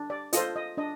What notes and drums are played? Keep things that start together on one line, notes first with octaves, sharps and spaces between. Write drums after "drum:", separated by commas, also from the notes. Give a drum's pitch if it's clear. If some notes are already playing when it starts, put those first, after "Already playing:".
Already playing: D4
D5
F4 A4 C5 D#5, drum: hi-hat
D#5
D4 D#5